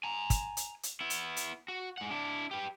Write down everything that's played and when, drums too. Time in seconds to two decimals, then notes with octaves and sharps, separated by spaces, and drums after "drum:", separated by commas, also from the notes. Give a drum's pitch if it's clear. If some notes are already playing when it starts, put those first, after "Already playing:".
0.04 G#5 A#5
0.30 drum: kick, hi-hat
0.57 drum: hi-hat
0.83 drum: hi-hat
1.00 B3 E4
1.10 drum: hi-hat
1.37 drum: hi-hat
1.68 F#4
1.98 G#3 F#5
2.10 D4 E4
2.51 G4 B4